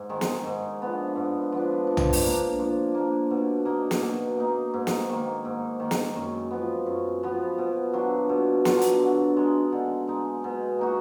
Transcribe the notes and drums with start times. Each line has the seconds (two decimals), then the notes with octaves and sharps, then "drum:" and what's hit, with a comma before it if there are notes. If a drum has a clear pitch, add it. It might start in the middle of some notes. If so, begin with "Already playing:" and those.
Already playing: G#2
0.09 D#3 G#3 D#4
0.21 drum: snare
0.45 G#2
0.80 F3 B3 D4
1.16 G#2
1.52 F3 B3 D4
1.87 F3
1.97 drum: tom
2.13 drum: open hi-hat
2.23 A#3 D4
2.59 F3
2.95 A#3 D4
3.31 B2
3.65 A#3 D#4
3.91 drum: snare
4.02 B2
4.37 A#3 D#4
4.74 G#2
4.87 drum: snare
5.09 D#3 A#3
5.45 G#2
5.80 D#3 A#3
5.91 drum: snare
6.16 F#2
6.51 F3 B3
6.86 F#2
7.23 F3 B3
7.58 B2
7.94 F#3 D4 F4
8.29 B2
8.65 F#3 D4 F4, drum: snare
8.82 drum: hi-hat
9.01 D3
9.37 G#3 D#4
9.72 D3
10.08 G#3 D#4
10.44 B2
10.79 A#3 D#4 F#4